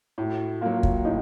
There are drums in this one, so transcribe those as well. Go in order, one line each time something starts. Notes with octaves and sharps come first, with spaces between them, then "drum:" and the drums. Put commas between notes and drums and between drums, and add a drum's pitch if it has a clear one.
A2 F#4
F#3 A#3 F4
drum: kick
A2 D#4